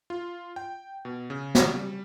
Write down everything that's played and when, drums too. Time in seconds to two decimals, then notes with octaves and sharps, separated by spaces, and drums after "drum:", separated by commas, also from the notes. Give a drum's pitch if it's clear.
0.10 F4
0.56 G5
1.05 B2
1.30 C#3
1.55 drum: snare
1.75 G3